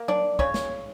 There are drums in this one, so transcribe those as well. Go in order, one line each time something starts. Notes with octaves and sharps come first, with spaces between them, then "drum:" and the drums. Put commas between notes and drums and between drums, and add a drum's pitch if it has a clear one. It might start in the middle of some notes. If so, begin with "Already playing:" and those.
Already playing: A#3
D4 D5, drum: tom F#3
C#3 C#4 C#5, drum: kick
drum: snare